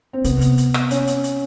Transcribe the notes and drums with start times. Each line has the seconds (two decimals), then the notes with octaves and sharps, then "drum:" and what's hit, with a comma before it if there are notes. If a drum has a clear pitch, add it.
0.13 C4
0.24 C3 B3, drum: hi-hat
0.41 drum: hi-hat
0.58 drum: hi-hat
0.74 drum: rim click
0.91 C#4, drum: hi-hat
1.07 drum: hi-hat
1.24 drum: hi-hat